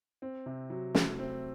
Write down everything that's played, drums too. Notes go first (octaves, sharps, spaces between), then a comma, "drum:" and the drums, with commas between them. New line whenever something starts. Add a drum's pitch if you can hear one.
C4
C3
F#3
A3, drum: snare
C4